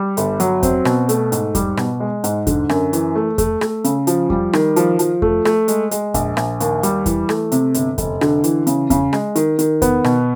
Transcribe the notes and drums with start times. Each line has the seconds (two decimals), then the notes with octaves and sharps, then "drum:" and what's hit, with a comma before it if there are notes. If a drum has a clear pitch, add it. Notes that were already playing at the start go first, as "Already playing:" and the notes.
Already playing: G3
0.17 G1, drum: hi-hat
0.40 F#3, drum: hi-hat
0.63 C4, drum: kick E2, hi-hat
0.85 B2, drum: rim click
1.09 A3, drum: hi-hat
1.32 G#2, drum: hi-hat
1.55 G3, drum: kick E2, hi-hat
1.77 B2, drum: rim click
2.00 G#3
2.24 G#2, drum: hi-hat
2.47 D3, drum: kick E2, hi-hat
2.69 F#2, drum: rim click
2.93 E3, drum: hi-hat
3.15 A3
3.38 A3, drum: kick E2, hi-hat
3.61 A3, drum: rim click
3.84 C#3, drum: hi-hat
4.07 F3, drum: hi-hat
4.30 G3, drum: kick E2
4.53 D#3, drum: rim click
4.76 F3, drum: hi-hat
4.99 F3, drum: hi-hat
5.22 A3, drum: kick E2
5.45 A3, drum: rim click
5.68 G#3, drum: hi-hat
5.91 G#3, drum: hi-hat
6.14 A#1, drum: kick E2, hi-hat
6.37 A#1, drum: rim click
6.60 D#2, drum: hi-hat
6.83 G3, drum: hi-hat
7.06 E3, drum: kick E2, hi-hat
7.29 A3, drum: rim click
7.52 C3, drum: hi-hat
7.74 G1, drum: hi-hat
7.98 F1, drum: kick E2, hi-hat
8.21 D3, drum: rim click
8.44 E3, drum: hi-hat
8.67 C#3, drum: hi-hat
8.90 C#3, drum: kick E2, hi-hat
9.13 G#3, drum: rim click
9.36 D#3, drum: hi-hat
9.59 D#3, drum: hi-hat
9.82 B3, drum: kick E2, hi-hat
10.04 B2, drum: rim click